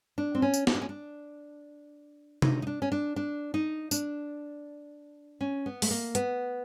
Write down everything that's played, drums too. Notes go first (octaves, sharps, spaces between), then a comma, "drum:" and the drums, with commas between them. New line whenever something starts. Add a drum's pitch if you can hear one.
D4
C4
C#4
drum: tambourine
D#4, drum: snare
D4
C#4
D4
D#4, drum: tom C3
D#4
D4
C#4
D4
D4
D#4
D4, drum: tambourine
C#4
B3
A3, drum: open hi-hat
A#3
B3, drum: hi-hat